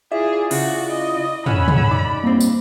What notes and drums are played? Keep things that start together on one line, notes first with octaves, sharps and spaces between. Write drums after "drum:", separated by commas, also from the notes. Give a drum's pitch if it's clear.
E4 F4 G#4 D5 E5
C#3 F#4, drum: cymbal
D#5
C#4 F#5 G#5 B5 E6, drum: tom
drum: tom
D#4 D5 D6
G2 A#3 C4
drum: tambourine